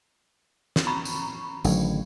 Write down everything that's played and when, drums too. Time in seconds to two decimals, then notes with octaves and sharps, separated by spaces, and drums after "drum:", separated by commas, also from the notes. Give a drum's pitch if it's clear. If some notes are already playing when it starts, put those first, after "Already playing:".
0.76 drum: snare
0.87 A#5 B5 C#6
1.05 drum: tambourine
1.64 A1 D3 D#3 F#3, drum: tambourine